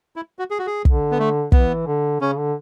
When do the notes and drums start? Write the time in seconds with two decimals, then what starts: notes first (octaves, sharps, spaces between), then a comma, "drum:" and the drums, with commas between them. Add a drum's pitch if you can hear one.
0.16 E4
0.39 F#4
0.50 G#4
0.59 F#4
0.67 G#4
0.85 D3, drum: kick
1.11 B3
1.19 A3
1.52 E3 B3, drum: kick
1.87 D3
2.21 C#3 C#4
2.38 D3